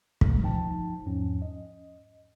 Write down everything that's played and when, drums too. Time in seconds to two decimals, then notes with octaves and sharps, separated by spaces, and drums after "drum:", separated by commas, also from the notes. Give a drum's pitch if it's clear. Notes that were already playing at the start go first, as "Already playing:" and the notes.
0.21 G1 C#2 G2 B2 A3, drum: kick
0.43 F3 D#4 G5 A5
1.05 E2 G#2 F3 C#4
1.42 D#5